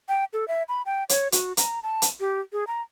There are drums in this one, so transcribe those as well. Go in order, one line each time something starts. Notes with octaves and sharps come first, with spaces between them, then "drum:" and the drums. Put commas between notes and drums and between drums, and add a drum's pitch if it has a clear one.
G5
A4
E5
B5
G5
C#5, drum: hi-hat
F#4, drum: hi-hat
A#5, drum: hi-hat
A5
drum: hi-hat
G4
G#4
A#5